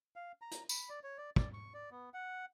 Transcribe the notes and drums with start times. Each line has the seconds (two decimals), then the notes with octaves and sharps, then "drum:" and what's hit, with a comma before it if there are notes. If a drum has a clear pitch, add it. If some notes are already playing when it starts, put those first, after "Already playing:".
0.16 F5
0.42 A#5
0.51 drum: hi-hat
0.69 B5, drum: tambourine
0.89 D5
1.04 C#5
1.18 D5
1.36 D5, drum: kick
1.54 C#6
1.74 D5
1.91 B3
2.14 F#5